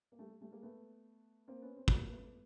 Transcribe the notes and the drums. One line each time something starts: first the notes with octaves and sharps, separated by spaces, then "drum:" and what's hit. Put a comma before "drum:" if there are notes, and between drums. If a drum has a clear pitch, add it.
A#3
G3 A3
G3 A3
G#3 A#3
A3 B3
A#3 C4
B3 C#4
C4
B3, drum: kick
A#3
A3 B3